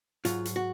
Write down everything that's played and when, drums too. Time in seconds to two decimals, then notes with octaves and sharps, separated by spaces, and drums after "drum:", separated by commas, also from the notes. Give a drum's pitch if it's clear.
0.25 G#2 F#3 F4, drum: hi-hat
0.45 drum: hi-hat
0.56 F#4